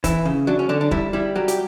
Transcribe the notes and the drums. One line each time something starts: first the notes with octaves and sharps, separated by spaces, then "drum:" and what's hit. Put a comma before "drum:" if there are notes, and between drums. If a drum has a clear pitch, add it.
E3 E4, drum: kick, hi-hat
C#3
F#3 D4
C#4
D3 D4
D4
G3 E4, drum: kick
G3 E4
F#3 G4
G4, drum: hi-hat